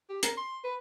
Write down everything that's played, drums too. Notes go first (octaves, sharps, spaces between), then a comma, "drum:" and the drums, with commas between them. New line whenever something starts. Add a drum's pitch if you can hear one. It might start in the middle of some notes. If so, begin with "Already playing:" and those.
G4
A#4, drum: hi-hat
C6
B4